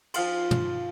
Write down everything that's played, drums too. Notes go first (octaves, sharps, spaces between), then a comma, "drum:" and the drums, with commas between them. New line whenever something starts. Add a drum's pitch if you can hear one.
F3 F5 C6, drum: cymbal
drum: tom